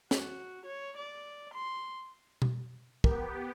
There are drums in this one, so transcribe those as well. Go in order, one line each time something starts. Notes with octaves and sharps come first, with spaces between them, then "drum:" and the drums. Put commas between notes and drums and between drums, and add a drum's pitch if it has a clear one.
F#4, drum: snare
C#5
D5
C6
drum: tom B2
B3 G4 A#4, drum: kick